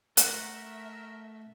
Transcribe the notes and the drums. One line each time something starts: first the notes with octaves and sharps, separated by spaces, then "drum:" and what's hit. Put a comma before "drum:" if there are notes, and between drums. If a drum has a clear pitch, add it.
A3 A#4 E5 F#5, drum: hi-hat